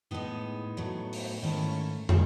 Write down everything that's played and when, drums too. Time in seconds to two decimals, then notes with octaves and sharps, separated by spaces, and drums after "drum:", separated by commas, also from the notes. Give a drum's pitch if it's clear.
0.11 A2 G#3 B3 D#4
0.77 A2 F#3 A3
1.13 drum: open hi-hat
1.42 G#2 D#3 A3 C#4 E4
2.09 D#3 F#3, drum: tom